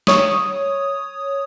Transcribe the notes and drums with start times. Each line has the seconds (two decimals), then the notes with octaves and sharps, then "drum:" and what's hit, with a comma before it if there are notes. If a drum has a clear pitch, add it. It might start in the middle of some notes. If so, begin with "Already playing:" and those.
0.07 C#5 D#6, drum: snare